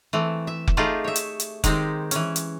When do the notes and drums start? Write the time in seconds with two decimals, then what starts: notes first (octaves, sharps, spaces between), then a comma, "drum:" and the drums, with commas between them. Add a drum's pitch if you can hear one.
0.13 E3 A3 C4
0.47 E5
0.67 drum: kick F1
0.77 A3 D#4 F4 G4 G#4
1.04 C#5 E5
1.16 drum: hi-hat
1.40 drum: hi-hat
1.64 D#3 G#3 C4 D#4 G4, drum: kick F1, hi-hat
2.11 E3 C#4, drum: hi-hat
2.36 drum: hi-hat